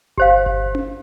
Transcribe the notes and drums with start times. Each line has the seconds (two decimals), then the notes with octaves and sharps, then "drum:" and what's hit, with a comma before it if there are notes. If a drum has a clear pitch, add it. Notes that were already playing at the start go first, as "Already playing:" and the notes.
0.18 G4 C5 F5, drum: kick G1
0.46 drum: kick G1
0.75 drum: tom C#4